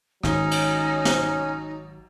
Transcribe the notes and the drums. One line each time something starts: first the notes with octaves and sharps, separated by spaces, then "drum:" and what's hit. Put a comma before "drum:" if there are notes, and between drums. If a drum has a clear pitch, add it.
G#1 F#3 C#4 D#4, drum: rim click
drum: cymbal
drum: snare